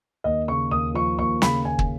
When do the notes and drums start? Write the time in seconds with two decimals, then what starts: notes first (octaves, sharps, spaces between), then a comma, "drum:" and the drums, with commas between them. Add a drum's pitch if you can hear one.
0.24 D#2 D#5
0.48 C#3 C#6
0.71 D#2 D#6
0.94 F3 C#6
1.18 D#2 C#6
1.42 C#3 B5, drum: snare
1.65 D#2 G#5
1.79 drum: kick